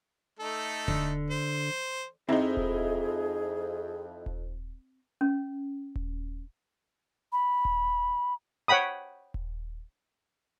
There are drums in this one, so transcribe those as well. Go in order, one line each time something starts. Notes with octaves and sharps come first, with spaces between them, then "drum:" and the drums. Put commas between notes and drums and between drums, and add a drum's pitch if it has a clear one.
A3 D#4 A4
D3, drum: kick D#1
C5
F2 C4 D#4 E4 G#4 C5 A#5
drum: kick D#1
drum: kick D#1
C#4
drum: kick D#1
B5
drum: kick D#1
C#5 F#5 G5 B5 D#6
drum: kick D#1